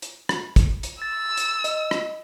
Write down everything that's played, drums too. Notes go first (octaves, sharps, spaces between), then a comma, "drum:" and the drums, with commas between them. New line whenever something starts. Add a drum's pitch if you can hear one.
drum: hi-hat
drum: rim click
drum: kick, hi-hat
drum: hi-hat
E6 A6
drum: hi-hat
D#5, drum: hi-hat
drum: rim click